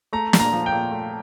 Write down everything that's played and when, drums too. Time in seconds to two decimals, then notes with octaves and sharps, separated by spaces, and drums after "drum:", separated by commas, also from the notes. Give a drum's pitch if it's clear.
0.13 A3 A#5
0.33 A#2, drum: snare
0.39 A#5
0.53 F3
0.66 G5
0.72 A#2
0.92 A3